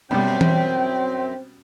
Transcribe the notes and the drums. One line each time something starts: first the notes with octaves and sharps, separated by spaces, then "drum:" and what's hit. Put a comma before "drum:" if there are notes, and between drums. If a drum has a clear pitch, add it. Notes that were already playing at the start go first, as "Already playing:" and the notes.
F#2 B2 G3 C4 G5
drum: tom E3